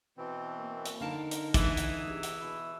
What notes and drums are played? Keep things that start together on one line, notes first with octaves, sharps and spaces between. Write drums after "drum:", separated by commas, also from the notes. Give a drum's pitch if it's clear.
B2 E3 C4
A#3
drum: hi-hat
D3 D#4 A#4 F5 A5
drum: hi-hat
E3 G#4 D#6, drum: kick, hi-hat
drum: hi-hat
C3 G#4
drum: hi-hat
B2 E4